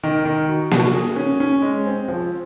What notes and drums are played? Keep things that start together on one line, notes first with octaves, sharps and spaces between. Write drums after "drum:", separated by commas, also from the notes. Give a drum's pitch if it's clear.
D#3
D#3
F#4
F#4, drum: snare A#3
G#4
C#4
C#4
G#3
C4
F3